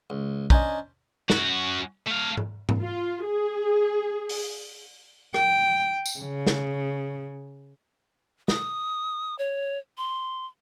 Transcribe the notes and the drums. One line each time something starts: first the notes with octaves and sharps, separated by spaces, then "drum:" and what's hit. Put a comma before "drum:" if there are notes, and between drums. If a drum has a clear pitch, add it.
C#2
C#4 D4 C5 D#5 G#5 A#5, drum: kick
F#2 F#4, drum: snare
A3 F5
drum: tom G#2
drum: tom G#2
F4
G#4
drum: open hi-hat
G5, drum: rim click
drum: tambourine
C#3
drum: snare
D#6, drum: snare
C#5
C6